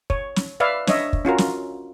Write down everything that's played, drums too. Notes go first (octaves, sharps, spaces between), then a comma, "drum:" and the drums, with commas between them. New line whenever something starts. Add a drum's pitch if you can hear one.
C#5, drum: kick
drum: snare
B4 D5 E5 F5
D4 C#5 D#5 E5, drum: snare
drum: kick
C#4 F4 F#4 A#4
drum: snare